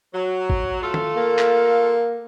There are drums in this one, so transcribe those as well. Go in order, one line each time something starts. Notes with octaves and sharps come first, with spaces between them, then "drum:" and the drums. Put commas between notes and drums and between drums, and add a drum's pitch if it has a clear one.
F#3
drum: kick
A3 F4 A4
drum: tom
A#3
drum: clap